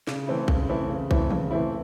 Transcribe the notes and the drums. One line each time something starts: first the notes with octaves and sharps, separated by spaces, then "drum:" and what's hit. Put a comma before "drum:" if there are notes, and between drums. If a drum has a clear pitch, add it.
C#3, drum: snare
E3 A3 C4 E4
C#3, drum: kick B1
E3 A3 C4 E4
C#3
E3 A3 C4 E4, drum: kick B1
C#3, drum: tom
E3 A3 C4 E4